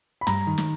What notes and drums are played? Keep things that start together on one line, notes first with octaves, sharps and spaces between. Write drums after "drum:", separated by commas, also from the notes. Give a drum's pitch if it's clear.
B5
G2 A#5, drum: snare
D#3
drum: snare